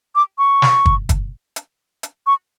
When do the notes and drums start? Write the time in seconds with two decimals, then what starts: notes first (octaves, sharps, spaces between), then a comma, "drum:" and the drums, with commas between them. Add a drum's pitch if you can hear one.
0.15 D6
0.38 C#6
0.62 drum: snare
0.86 drum: kick
1.09 drum: kick, hi-hat
1.56 drum: hi-hat
2.03 drum: hi-hat
2.27 C#6